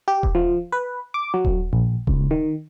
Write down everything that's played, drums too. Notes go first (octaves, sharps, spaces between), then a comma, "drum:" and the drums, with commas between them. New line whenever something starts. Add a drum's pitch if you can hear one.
G4
drum: kick D#1
F3
B4
D6
F#3
drum: kick D#1
A#1
C#2, drum: kick D#1
D#3